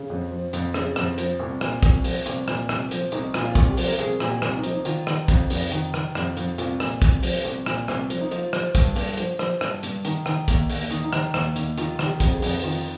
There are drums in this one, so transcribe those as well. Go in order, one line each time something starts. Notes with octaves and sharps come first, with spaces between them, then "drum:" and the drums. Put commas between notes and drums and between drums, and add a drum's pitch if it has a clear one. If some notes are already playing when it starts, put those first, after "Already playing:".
Already playing: C#3
F2
F3
F2, drum: hi-hat
C#3, drum: rim click
F2, drum: rim click
F3, drum: hi-hat
C2
A#2, drum: rim click
C2, drum: kick, hi-hat
F3, drum: open hi-hat
C2, drum: hi-hat
A#2, drum: rim click
C2, drum: rim click
F3, drum: hi-hat
C2 D#4, drum: hi-hat
A#2, drum: rim click
F4
C2, drum: kick, hi-hat
G4
F3, drum: open hi-hat
A#4
C2 G#4, drum: hi-hat
A#2, drum: rim click
G4
C2, drum: rim click
D#4
F3, drum: hi-hat
D#4
D#3 F4, drum: hi-hat
D#3, drum: rim click
F2, drum: kick, hi-hat
F2, drum: open hi-hat
D#3, drum: hi-hat
D#3, drum: rim click
F2, drum: rim click
F2, drum: hi-hat
C2 F4, drum: hi-hat
A#2, drum: rim click
C2, drum: kick, hi-hat
F3, drum: open hi-hat
C2, drum: hi-hat
A#2, drum: rim click
C2, drum: rim click
F3, drum: hi-hat
D#4
F3 F4, drum: hi-hat
F3, drum: rim click
G2, drum: kick, hi-hat
G2, drum: open hi-hat
F3, drum: hi-hat
F3, drum: rim click
G2, drum: rim click
G2, drum: hi-hat
D#3, drum: hi-hat
D#3, drum: rim click
D#2, drum: kick, hi-hat
D#2, drum: open hi-hat
D#3 D#4, drum: hi-hat
D#4
D#3, drum: rim click
D#2, drum: rim click
D#2, drum: hi-hat
D#3 F4, drum: hi-hat
D#3, drum: rim click
G4
F2, drum: kick, hi-hat
G#4
F2, drum: open hi-hat
D#3 F4